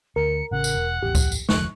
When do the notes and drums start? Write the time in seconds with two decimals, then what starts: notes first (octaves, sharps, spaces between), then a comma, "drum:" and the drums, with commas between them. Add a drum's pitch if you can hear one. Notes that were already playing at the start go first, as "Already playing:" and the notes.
0.16 D2 A#4 C#7
0.51 A1 C#3 F#5
0.64 drum: tambourine
0.75 E1
1.03 A1 E2 G4
1.15 drum: kick C#2, tambourine
1.32 drum: tambourine
1.49 F1 D2 F3 C#6 F#6, drum: snare